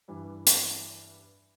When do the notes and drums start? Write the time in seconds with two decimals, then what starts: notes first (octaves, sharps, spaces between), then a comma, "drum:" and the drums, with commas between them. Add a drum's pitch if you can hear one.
0.08 G2 E3 G3
0.47 drum: hi-hat